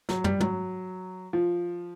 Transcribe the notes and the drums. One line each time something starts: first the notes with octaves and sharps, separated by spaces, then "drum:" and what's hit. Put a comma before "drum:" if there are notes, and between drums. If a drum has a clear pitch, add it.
F#3, drum: snare
G3, drum: tom
F#3, drum: tom
F3